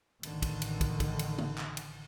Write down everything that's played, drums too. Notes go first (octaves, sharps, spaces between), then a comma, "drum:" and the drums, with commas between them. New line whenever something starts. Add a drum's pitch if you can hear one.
A1 D3 D#3, drum: cymbal
drum: kick, cymbal
drum: cymbal
drum: kick, cymbal
drum: kick, cymbal
drum: cymbal
drum: tom
drum: clap
drum: cymbal